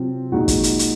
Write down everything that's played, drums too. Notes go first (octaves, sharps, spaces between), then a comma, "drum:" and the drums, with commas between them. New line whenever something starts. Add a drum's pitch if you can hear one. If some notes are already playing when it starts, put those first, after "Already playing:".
Already playing: C3 F#3 C4 F4
A#2 F3 G#3 D#4 F#4 F#5
drum: kick, hi-hat
drum: hi-hat
drum: hi-hat